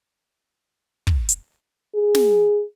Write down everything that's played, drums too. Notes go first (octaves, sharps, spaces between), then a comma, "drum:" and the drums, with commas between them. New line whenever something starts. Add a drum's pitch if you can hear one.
drum: kick
drum: hi-hat
G#4
drum: snare